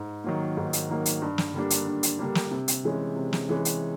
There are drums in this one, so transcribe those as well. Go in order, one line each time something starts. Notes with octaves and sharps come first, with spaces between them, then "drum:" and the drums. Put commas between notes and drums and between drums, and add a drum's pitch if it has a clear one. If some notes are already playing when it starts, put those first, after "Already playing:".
Already playing: G#2
D#3 F#3 A#3
G#2
drum: hi-hat
D#3 F#3 A#3
drum: hi-hat
G2
drum: snare
D3 G3 A#3 D4
drum: hi-hat
G2
drum: hi-hat
D3 G3 A#3 D4
drum: snare
C3
drum: hi-hat
E3 G#3 C#4
C3
drum: snare
E3 G#3 C#4
drum: hi-hat